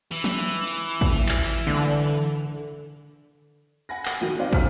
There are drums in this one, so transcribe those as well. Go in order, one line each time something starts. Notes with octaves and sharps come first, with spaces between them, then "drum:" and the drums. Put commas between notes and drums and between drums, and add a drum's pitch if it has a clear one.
E3
drum: snare
drum: hi-hat
drum: kick
drum: clap
D3, drum: tom F#3
F#5 G#5 B5 A#6
F#5, drum: clap
B1 D#3 F#4 G5 D#7
C4 D#4 C5 D5 F5 F#5
C5 G#5 A#5 F6 B6, drum: kick